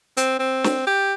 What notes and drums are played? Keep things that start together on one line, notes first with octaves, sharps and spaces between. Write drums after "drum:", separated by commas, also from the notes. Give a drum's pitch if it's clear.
C4, drum: hi-hat
C4
drum: snare
G4